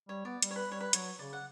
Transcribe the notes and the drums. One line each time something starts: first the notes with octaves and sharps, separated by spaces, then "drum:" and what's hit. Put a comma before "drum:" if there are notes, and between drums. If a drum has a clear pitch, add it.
G3 C#5
B3 D5
G3, drum: hi-hat
C#5
B4
G3 C#5
B4
F#3 C#5, drum: hi-hat
C#3 D5
F#5